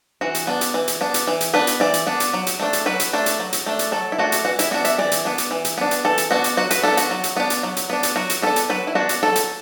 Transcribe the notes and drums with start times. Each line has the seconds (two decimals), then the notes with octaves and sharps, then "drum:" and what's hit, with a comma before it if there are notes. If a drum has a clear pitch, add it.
0.21 E3 F#4
0.35 drum: hi-hat
0.47 B3 D4
0.61 drum: hi-hat
0.74 E3
0.88 drum: hi-hat
1.01 B3 D4
1.14 drum: hi-hat
1.27 E3
1.41 drum: hi-hat
1.53 B3 D4 B4
1.67 drum: hi-hat
1.80 E3 D5
1.94 drum: hi-hat
2.07 B3 D4
2.20 drum: hi-hat
2.33 F#3
2.47 drum: hi-hat
2.60 A3 D4
2.73 drum: hi-hat
2.86 F#3 B4
3.00 drum: hi-hat
3.13 A3 D4
3.26 drum: hi-hat
3.40 F#3
3.53 drum: hi-hat
3.66 A3 D4
3.79 drum: hi-hat
3.92 F#3 A4
4.12 E4
4.18 A3 D4 F#4
4.32 drum: hi-hat
4.45 E3 F#4
4.59 E4, drum: hi-hat
4.71 B3 D4 F#4
4.85 E5, drum: hi-hat
4.98 E3 D5
5.12 drum: hi-hat
5.25 B3 D4
5.38 drum: hi-hat
5.51 E3
5.65 drum: hi-hat
5.78 B3 D4
5.91 drum: hi-hat
6.05 E3 A4
6.18 drum: hi-hat
6.31 B3 D4 F#4
6.44 drum: hi-hat
6.57 F#3 F#4
6.71 B4, drum: hi-hat
6.83 B3 D4 A4
6.97 F#4, drum: hi-hat
7.11 F#3
7.24 drum: hi-hat
7.37 B3 D4
7.50 drum: hi-hat
7.63 F#3
7.77 drum: hi-hat
7.90 B3 D4
8.03 drum: hi-hat
8.16 F#3 F#4
8.30 drum: hi-hat
8.42 B3 D4 A4
8.56 drum: hi-hat
8.70 F#3 B4
8.87 E4
8.95 B3 D4 F#4
9.09 drum: hi-hat
9.23 F#3 A4
9.36 drum: hi-hat